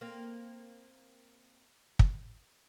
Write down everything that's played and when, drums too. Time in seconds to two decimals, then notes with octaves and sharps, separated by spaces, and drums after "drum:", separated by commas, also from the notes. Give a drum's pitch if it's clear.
0.01 A#3 C4
1.99 drum: kick